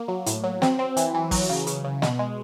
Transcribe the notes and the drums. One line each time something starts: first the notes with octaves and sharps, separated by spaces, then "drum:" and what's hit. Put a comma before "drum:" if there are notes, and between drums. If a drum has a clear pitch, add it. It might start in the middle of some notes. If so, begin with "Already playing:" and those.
Already playing: A#3
F#3
A2, drum: hi-hat
F#3
C4, drum: snare
C4
E3, drum: hi-hat
E3
F#3, drum: kick, open hi-hat
C#3
C#3, drum: hi-hat
C#3
B2, drum: snare
G#3